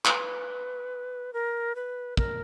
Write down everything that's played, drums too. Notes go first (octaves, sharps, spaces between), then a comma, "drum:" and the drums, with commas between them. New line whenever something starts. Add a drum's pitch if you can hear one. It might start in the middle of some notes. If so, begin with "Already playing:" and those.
B4, drum: clap
A#4
B4
A#4, drum: kick